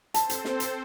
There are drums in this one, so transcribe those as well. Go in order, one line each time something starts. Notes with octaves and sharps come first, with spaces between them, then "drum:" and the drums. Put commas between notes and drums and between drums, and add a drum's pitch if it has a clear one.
C4 A4 C5 A5, drum: hi-hat
drum: hi-hat
drum: snare
drum: hi-hat